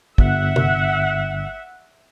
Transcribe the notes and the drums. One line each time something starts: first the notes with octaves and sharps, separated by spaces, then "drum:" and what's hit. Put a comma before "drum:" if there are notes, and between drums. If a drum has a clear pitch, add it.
G1 E5 F#5, drum: kick
drum: tom C3